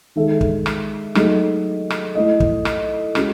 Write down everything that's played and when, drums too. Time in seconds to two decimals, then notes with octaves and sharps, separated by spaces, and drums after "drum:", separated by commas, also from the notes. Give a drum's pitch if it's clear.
0.16 D#3 G#3 D#4 A4 E5
0.41 drum: kick
0.66 drum: rim click
1.15 F#3 A3 D#4 G#4 D#5, drum: rim click
1.90 drum: rim click
2.15 A3 E4 A4 D#5
2.40 drum: kick
2.65 drum: rim click
3.15 G#3 C#4 F#4, drum: rim click